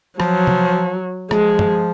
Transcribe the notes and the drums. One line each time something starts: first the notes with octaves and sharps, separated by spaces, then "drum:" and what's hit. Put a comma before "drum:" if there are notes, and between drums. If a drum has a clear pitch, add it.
F3 F#3, drum: rim click
drum: tom C3
F3 G#3, drum: rim click
drum: tom